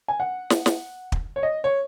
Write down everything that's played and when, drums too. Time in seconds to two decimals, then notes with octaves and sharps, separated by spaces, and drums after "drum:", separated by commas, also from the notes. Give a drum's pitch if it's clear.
0.08 G#5
0.20 F#5
0.50 drum: snare
0.66 drum: snare
1.12 drum: kick
1.36 C#5
1.43 D#5
1.64 C#5